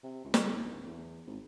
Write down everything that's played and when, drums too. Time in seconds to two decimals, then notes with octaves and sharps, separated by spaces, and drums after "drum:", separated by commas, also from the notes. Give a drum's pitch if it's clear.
0.03 C3
0.24 C#2
0.34 drum: snare
0.51 G#1
0.64 D1
0.86 E2
1.26 G#1